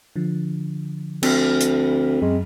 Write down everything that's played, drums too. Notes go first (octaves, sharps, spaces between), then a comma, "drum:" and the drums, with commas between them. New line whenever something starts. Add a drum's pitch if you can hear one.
D3 F3
D2 C4, drum: cymbal
drum: hi-hat
F#2 G#3